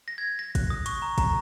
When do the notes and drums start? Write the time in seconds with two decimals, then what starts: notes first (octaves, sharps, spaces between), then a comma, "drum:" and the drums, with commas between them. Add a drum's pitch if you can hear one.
0.08 A#6
0.18 G#6
0.39 A#6
0.55 F#6, drum: kick, hi-hat
0.70 D#6
0.86 C#6, drum: hi-hat
0.97 C#6
1.02 A#5
1.18 A#5, drum: kick, hi-hat